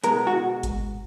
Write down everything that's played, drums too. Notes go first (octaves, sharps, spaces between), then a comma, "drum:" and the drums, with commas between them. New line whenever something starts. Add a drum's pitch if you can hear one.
B2 G#3 B3 A#4, drum: hi-hat
F#4
drum: kick G#1, hi-hat